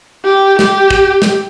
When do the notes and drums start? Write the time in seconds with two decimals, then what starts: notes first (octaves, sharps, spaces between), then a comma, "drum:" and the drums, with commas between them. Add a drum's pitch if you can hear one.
0.24 G4
0.59 G4, drum: snare
0.90 drum: kick
1.22 drum: snare